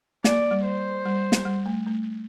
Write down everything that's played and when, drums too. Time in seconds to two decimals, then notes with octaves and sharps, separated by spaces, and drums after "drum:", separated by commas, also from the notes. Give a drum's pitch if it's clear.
0.24 A#3 D5, drum: snare
0.51 G3
0.65 C5
1.05 G3
1.32 drum: snare
1.45 G3
1.66 A3
1.87 A3